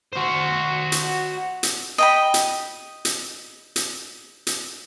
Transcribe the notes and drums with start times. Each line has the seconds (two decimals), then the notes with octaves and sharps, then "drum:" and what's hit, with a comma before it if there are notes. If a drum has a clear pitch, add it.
0.13 F#4 C5
0.92 drum: hi-hat
1.63 drum: hi-hat
1.98 D#5 G5 B5
2.34 drum: hi-hat
3.05 drum: hi-hat
3.76 drum: hi-hat
4.47 drum: hi-hat